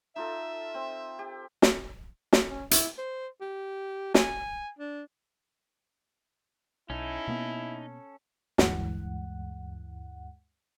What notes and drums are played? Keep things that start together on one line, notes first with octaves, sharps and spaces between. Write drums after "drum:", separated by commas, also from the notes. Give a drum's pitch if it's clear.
D#4 F4 A4 E5
C4
G4
drum: snare
drum: snare
C#4
E4, drum: hi-hat
C5
G4
G#5, drum: snare
D4
B1 C#4 D#4 E4 A4
B2 A#3 B3
D2 G2 E3 G#3 F#5, drum: snare